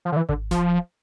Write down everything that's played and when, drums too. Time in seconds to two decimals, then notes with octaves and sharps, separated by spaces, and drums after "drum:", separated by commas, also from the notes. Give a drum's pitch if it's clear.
0.05 F3
0.12 D3
0.17 E3
0.29 D3, drum: kick G#1
0.51 F3, drum: snare D1